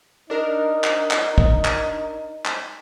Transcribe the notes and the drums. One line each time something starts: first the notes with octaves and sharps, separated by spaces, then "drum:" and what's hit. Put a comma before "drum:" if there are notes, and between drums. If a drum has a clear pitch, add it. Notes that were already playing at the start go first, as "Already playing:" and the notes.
D4 D#4 A#4
drum: clap
drum: clap
drum: kick
drum: clap
drum: clap